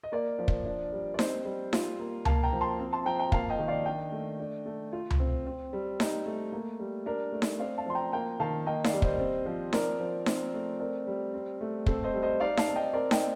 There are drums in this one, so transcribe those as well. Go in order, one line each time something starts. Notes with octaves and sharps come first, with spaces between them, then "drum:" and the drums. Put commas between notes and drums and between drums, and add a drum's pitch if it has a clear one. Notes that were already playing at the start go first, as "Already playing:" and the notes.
D#5
A#3 A#4 D5
F3
drum: kick
D4
G3
D5
C4 C5 D#5, drum: snare D#4
G3
F4, drum: snare D#4
A#3
A#3 F5 A5, drum: tom C#2
G5 A#5
F3
A5 C6
C4
A5 C6
F3 G5 A#5
G5 A#5
A#3 F5 A5, drum: kick
D#5 G5
D#3
D5 F5
D4 D#5 G5
A3
D4
A3
F4
drum: tom C#2
C4
C4
G3
D#4, drum: snare D#4
A3
A#3
G3
D4 A#4
A3
drum: snare D#4
C4 D5 F5
F5 A5
F3 C6
G5 A#5
A#3 G5 A#5
D#3 F5 A5
A#3 D#5 G5
D5 F5, drum: snare D#4
G3
C5 D#5, drum: kick
C4
F3
C4 A#4 D5, drum: snare D#4
F3
C4, drum: snare D#4
A3
C4 A#4 D5
G3
C4
A3
C4 A4 C5, drum: kick
C5 D#5
G3
C5 D#5
D#4 D5 F5
F5 A5, drum: snare D#4
C4
D#5 G5
C4 A#4 D5
D#5 G5, drum: snare D#4